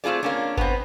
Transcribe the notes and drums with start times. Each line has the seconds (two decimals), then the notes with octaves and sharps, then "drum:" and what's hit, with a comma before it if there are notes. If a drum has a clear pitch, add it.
0.04 A3 C4 F4 G#4 D5
0.23 A#3 C#4 D4
0.57 B3 C4, drum: kick G1